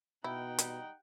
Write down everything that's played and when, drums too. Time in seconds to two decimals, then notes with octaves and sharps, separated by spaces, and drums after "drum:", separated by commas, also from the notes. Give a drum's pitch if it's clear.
0.24 B2 D#4 E4 F#5 G5
0.59 G3, drum: hi-hat